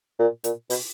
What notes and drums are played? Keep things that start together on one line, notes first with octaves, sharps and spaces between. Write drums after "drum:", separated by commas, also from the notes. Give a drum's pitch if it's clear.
A#2
A#2, drum: hi-hat
B2, drum: open hi-hat